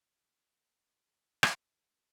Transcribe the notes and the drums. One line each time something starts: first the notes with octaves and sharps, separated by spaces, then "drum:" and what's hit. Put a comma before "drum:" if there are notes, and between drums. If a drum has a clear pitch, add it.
A5
drum: rim click